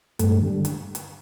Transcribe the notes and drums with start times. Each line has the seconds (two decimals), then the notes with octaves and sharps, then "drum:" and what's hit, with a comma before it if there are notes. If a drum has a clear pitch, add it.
0.19 G2 A3, drum: hi-hat
0.42 D3 G3
0.65 drum: hi-hat
0.95 drum: hi-hat